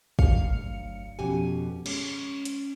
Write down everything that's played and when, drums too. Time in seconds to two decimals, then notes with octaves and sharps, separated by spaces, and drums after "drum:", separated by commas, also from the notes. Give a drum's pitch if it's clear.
0.19 G1 D2 F#3 F5 C#7, drum: kick
1.19 F2 B2 F3 C#4 G4 G#5
1.86 G#3 C#4, drum: cymbal
2.45 drum: hi-hat